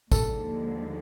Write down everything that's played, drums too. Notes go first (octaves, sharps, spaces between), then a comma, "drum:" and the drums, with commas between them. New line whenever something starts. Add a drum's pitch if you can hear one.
D#2 D3 F3 G#3 A4, drum: kick, tambourine